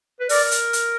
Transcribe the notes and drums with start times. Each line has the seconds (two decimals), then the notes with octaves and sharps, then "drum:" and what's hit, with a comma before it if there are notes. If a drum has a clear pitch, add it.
0.20 B4
0.29 A#4 D5, drum: open hi-hat
0.51 drum: hi-hat
0.73 drum: hi-hat